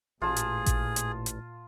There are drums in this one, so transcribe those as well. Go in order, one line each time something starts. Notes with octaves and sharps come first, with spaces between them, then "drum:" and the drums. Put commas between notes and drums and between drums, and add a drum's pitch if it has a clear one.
A1 A#2 F4 G#4 A5
drum: hi-hat
drum: kick A1, hi-hat
drum: hi-hat
drum: hi-hat